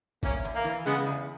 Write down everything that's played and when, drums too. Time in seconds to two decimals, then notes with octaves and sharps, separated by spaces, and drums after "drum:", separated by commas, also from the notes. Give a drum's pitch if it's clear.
0.23 E2 A#3 C#4, drum: kick
0.44 E2
0.55 A#3
0.64 E3
0.85 C#3 G#3 B3
1.06 E2